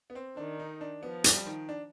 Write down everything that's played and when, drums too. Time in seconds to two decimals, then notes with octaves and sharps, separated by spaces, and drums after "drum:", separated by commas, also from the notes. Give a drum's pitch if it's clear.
0.10 B3
0.15 C4
0.37 D#3 D4
0.59 D#4
0.81 D4
1.03 F3 B3
1.24 G3, drum: hi-hat
1.46 D#3
1.69 D4